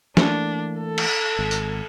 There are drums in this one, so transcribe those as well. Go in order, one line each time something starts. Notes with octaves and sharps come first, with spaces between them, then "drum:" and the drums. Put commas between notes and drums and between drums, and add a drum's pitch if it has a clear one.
E3 A3 A#3 D4, drum: snare
A4
drum: cymbal
G#1
drum: tambourine